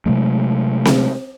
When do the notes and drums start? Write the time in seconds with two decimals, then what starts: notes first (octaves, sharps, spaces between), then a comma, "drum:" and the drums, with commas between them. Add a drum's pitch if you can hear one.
0.06 C3 F#3 G#3 A3
0.85 drum: snare C4